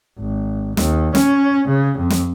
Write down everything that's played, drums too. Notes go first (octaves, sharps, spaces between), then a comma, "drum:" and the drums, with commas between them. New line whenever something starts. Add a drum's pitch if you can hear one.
G#1
D#2, drum: snare
C#4, drum: snare
C#3
F2
drum: snare